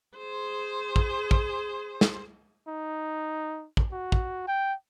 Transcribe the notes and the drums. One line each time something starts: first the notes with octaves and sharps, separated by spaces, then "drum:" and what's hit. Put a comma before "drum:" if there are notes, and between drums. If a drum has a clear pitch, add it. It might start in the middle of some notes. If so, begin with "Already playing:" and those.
G#4 C5
drum: kick
drum: kick
drum: snare
D#4
drum: kick
F#4
drum: kick
G5